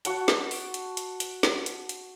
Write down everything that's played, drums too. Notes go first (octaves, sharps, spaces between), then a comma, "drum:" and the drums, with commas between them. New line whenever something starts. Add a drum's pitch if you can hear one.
F#4 F#5 A5, drum: hi-hat
drum: snare
drum: open hi-hat
drum: hi-hat
drum: hi-hat
drum: hi-hat
drum: snare
drum: hi-hat
drum: hi-hat